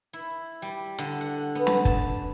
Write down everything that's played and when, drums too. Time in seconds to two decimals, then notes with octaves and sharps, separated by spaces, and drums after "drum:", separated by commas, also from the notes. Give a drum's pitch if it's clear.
0.13 E4
0.62 G3
0.98 D3, drum: hi-hat
1.21 F#5
1.55 B3
1.67 drum: snare
1.85 A5, drum: kick